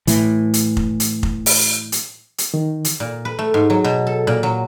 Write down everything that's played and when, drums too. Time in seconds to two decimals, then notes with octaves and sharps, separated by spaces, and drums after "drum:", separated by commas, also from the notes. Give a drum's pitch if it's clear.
0.07 A2 E3, drum: hi-hat
0.54 drum: hi-hat
0.77 drum: kick F1
1.00 drum: hi-hat
1.23 drum: kick F1
1.46 drum: open hi-hat
1.92 drum: hi-hat
2.38 drum: hi-hat
2.54 D#3
2.85 drum: hi-hat
3.00 A#2
3.25 B4
3.39 A3
3.54 G#2
3.70 F#3
3.84 B2
4.07 A4
4.27 A#2
4.43 F#3